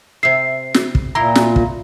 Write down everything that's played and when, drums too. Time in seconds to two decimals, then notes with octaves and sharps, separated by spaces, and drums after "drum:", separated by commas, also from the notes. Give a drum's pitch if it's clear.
0.23 C3 E5 C7
0.74 drum: snare
0.95 drum: kick
1.15 A#2 E4 G4 A#5 C6
1.35 drum: snare
1.56 drum: kick